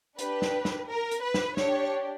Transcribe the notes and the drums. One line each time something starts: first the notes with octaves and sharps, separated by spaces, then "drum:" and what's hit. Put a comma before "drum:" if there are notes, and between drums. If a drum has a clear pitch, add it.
D4 G4 B4, drum: hi-hat
drum: snare
drum: snare
A#4
drum: hi-hat
B4
drum: snare
D4 G4 C#5, drum: snare